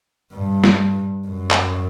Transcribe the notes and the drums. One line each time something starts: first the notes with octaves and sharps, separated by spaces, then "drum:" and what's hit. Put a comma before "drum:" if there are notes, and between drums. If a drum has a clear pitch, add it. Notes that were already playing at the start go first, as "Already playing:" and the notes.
G2
drum: snare
F#2
drum: clap